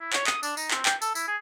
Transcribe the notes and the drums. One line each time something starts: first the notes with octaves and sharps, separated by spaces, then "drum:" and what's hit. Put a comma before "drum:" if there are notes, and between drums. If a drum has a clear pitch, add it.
E4
C#5, drum: clap
D#6, drum: clap
D4, drum: tambourine
D#4, drum: tambourine
C4, drum: clap
G5, drum: clap
A4, drum: tambourine
E4, drum: tambourine
G#4